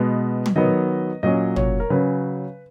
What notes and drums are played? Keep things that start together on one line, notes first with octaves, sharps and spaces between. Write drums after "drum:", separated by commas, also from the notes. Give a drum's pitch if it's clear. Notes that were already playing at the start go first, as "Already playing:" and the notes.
Already playing: B2 G#3 B3
drum: tom
D#3 F#3 B3 D#5
A#2 F#3 A#3 C#4 D#5
C#5, drum: tom
A#4
C#3 F#3 C#4 B4